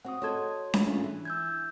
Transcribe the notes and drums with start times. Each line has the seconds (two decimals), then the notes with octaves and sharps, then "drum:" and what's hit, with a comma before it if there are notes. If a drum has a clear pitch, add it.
0.05 C4 F#4 F#5 D#6
0.22 F#4 A4 C#5 D#5 C6 G#6
0.74 drum: snare C#4
0.85 G#3 A3 D4 F4
1.04 E3
1.25 E6 G6 G#6